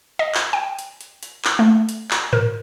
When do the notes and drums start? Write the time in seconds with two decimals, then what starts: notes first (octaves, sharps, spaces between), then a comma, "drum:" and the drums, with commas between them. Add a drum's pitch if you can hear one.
0.19 D#5
0.35 drum: clap
0.53 G5
0.79 drum: hi-hat
1.01 drum: hi-hat
1.23 drum: hi-hat
1.45 drum: clap
1.59 A3
1.89 drum: hi-hat
2.11 drum: clap
2.33 A#4, drum: tom G#2